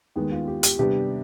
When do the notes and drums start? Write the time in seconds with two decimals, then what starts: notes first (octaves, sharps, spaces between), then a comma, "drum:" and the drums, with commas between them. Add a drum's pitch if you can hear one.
0.16 D#2 D#3 G#3 B3
0.32 F4
0.47 G4
0.63 G4, drum: hi-hat
0.79 C3 G3 B3 D4 G4